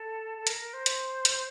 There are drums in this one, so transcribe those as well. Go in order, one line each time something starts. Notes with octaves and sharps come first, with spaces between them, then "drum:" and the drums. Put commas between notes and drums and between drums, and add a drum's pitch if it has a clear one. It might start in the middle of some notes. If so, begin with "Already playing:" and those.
Already playing: A4
A4
A#4, drum: hi-hat
A#4
C5
drum: hi-hat
drum: hi-hat